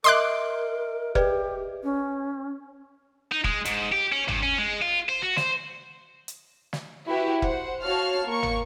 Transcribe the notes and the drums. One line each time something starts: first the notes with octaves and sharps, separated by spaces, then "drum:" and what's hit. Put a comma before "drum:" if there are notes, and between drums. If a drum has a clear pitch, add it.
A#4 D#5 E5 C6 D6 F#6 D7
G4 G#4 B4 D5, drum: kick F1
C#4
D#4
G#3, drum: kick F1
G#2, drum: hi-hat
G4
C#4
G2, drum: tom
C#4
G#3
F4
C5
F#4
C5, drum: snare
drum: hi-hat
drum: snare
E4 F#4 G4 B4
C5 F#5, drum: kick F1
F#4 C#5 F5 A5 F6
A#3 C#6
drum: tom